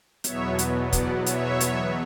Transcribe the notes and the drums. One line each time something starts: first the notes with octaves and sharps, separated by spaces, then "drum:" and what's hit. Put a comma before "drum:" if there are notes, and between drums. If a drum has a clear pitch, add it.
E2 B2 F#3 B3 C#5 E5, drum: hi-hat
drum: hi-hat
D5 F#5, drum: kick, hi-hat
C#5 E5, drum: hi-hat
drum: hi-hat